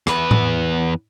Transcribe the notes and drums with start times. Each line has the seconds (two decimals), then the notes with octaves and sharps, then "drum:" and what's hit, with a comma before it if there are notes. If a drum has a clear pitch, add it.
0.07 E2 B4, drum: rim click
0.31 drum: tom A2